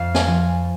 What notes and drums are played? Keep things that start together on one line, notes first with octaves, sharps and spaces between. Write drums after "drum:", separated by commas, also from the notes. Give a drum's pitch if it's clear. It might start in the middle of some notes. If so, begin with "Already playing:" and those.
Already playing: F2 F5
G#5, drum: snare
F3